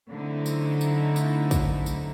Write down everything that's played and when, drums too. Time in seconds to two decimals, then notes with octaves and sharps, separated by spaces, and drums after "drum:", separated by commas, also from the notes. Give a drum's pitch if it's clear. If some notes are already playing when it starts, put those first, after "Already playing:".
0.11 D3 F#3 A3 C4 D#4 E4
0.46 drum: tambourine
0.81 drum: tambourine
1.16 drum: tambourine
1.51 drum: kick, tambourine
1.86 drum: tambourine